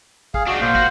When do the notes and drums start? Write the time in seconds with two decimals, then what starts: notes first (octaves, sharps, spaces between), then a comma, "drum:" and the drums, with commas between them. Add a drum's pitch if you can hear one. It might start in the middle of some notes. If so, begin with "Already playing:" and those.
0.34 G#4 F5, drum: kick
0.47 D4 D#4 F#4
0.61 A#2 C5 F5
0.75 F#4, drum: kick